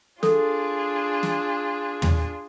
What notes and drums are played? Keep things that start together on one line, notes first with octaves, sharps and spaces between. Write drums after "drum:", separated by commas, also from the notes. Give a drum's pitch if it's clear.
D4 F4 G#4 A4, drum: snare
drum: snare
drum: tom